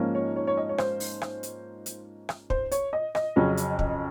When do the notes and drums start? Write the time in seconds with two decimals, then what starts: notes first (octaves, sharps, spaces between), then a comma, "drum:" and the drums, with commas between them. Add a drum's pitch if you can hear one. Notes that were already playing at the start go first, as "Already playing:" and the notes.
Already playing: G#2 F3 A#3 C#4
0.15 C#5
0.36 C#5
0.47 C#5
0.57 D#5
0.69 C#5
0.78 C5, drum: rim click
1.00 drum: open hi-hat
1.22 drum: rim click
1.43 drum: hi-hat
1.86 drum: hi-hat
2.29 drum: rim click
2.50 C5, drum: kick
2.71 C#5, drum: hi-hat
2.93 D#5
3.15 D#5, drum: rim click
3.36 F2 C#3 F#3 C#4
3.57 drum: hi-hat
3.79 drum: kick